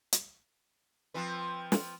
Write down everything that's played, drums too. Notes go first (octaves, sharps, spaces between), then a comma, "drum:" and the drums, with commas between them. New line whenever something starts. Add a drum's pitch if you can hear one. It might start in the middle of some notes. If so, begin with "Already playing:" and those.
drum: hi-hat
F3 C4 B4
drum: snare